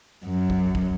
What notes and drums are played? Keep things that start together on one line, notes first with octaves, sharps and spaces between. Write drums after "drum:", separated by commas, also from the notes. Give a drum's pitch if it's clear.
F#2
drum: kick
drum: kick